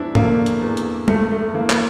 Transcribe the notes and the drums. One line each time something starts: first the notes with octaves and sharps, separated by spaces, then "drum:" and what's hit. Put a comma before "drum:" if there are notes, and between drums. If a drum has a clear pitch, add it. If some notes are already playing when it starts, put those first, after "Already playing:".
Already playing: E2 C4 D4 E4
D3 A#3, drum: tom G#2
drum: hi-hat
E2
drum: hi-hat
G2 A3, drum: tom
A3
E3 A#3
drum: clap